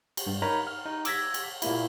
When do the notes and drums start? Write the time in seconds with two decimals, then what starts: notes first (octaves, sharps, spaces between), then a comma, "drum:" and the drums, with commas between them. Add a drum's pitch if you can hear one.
0.17 drum: cymbal
0.26 G2
0.42 D#4 A#4 C#5 A#5 B5
0.67 F6
0.86 D#4
1.05 D6 E6 G#6 A#6 B6, drum: cymbal
1.34 drum: cymbal
1.62 A#2 A#3 E4, drum: cymbal